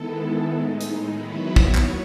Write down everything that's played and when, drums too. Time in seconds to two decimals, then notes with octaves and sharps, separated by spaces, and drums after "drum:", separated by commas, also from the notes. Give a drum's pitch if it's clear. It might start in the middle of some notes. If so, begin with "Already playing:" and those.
Already playing: D#3 G#3 B3 E4 A4
0.52 A2 G#3 D#4
0.81 drum: hi-hat
1.12 D#3 F#3 B3 E4 B4
1.44 C#5
1.56 drum: kick
1.74 D#2, drum: clap